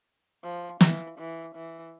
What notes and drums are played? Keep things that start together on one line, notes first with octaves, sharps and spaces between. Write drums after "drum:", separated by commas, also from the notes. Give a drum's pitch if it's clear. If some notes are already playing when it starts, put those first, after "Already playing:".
F3
E3, drum: snare
E3
E3